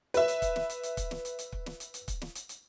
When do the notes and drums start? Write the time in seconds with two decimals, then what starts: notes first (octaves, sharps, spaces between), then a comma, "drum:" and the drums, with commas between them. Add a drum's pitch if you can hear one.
0.14 B4 E5, drum: hi-hat
0.28 drum: hi-hat
0.42 drum: kick, hi-hat
0.56 drum: snare
0.70 drum: hi-hat
0.83 drum: hi-hat
0.97 drum: kick, hi-hat
1.11 drum: snare
1.25 drum: hi-hat
1.39 drum: hi-hat
1.52 drum: kick
1.66 drum: snare
1.80 drum: hi-hat
1.94 drum: hi-hat
2.08 drum: kick, hi-hat
2.22 drum: snare
2.35 drum: hi-hat
2.49 drum: hi-hat